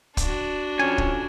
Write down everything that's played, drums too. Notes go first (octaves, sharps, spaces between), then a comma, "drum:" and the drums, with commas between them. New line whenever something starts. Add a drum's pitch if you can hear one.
D4 F#4, drum: kick, hi-hat
F2 C#4 G#5
drum: kick